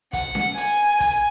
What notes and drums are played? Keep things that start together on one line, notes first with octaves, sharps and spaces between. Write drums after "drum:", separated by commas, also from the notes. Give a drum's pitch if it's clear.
F#5, drum: kick, hi-hat
drum: snare C#4
G#5, drum: hi-hat
drum: kick, hi-hat